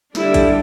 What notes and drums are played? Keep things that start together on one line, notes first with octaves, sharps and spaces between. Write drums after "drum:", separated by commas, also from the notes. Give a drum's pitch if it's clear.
D3 G3 D4 E4, drum: snare
drum: kick A1, hi-hat